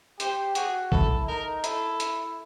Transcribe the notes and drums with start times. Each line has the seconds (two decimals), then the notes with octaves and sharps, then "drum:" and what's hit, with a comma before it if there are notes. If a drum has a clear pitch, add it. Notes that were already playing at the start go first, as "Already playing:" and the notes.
0.20 G4 C5, drum: hi-hat
0.55 F#4 G#4, drum: hi-hat
0.92 E4 A4, drum: kick
1.28 D#4 A#4
1.64 E4 A4, drum: hi-hat
2.00 drum: hi-hat